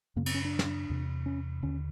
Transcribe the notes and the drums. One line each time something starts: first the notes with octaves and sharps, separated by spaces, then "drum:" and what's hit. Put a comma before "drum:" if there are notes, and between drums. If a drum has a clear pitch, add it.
F#2 C#3 A#3
C4, drum: cymbal
C#4
D4
drum: snare
E2 C3
C#4
D#2 D3 C#4